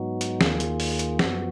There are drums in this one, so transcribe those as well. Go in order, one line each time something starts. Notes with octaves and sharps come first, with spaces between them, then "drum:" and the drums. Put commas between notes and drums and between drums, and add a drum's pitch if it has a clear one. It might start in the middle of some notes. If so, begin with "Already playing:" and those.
Already playing: G#2 F#3 B3 D#4 F#4
drum: hi-hat
D#2 D#3 A#3 F4 G#4, drum: snare
drum: hi-hat
drum: open hi-hat
drum: hi-hat
F#2 F3 B3 F#4, drum: snare